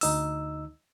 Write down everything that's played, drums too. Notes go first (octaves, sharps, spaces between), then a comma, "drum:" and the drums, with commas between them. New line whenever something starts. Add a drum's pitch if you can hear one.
D2 D#4 E6, drum: open hi-hat